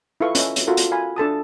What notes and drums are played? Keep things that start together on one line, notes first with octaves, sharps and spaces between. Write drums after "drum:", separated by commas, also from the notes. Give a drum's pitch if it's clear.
E4 F4 A4 B4 F5 C#6
C#4 D#5 E5, drum: hi-hat
drum: hi-hat
F4 F#4 A4 A#4
drum: hi-hat
F5 G#5 B5
D4 A4 A5 D#6